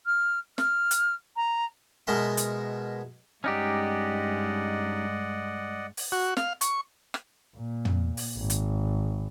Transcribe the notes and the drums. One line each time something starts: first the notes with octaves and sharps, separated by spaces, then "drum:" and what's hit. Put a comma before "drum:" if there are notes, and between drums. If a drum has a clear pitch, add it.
F6
F6, drum: snare
drum: hi-hat
A#5
B2 G#3 A#4 E5 C6
drum: hi-hat
G2 G#3 C#4 D#4 G4 D5 D#5 F#5
drum: open hi-hat
F#4
F5, drum: snare
C#6, drum: hi-hat
drum: rim click
A#2
drum: tom
drum: open hi-hat
G#1
drum: hi-hat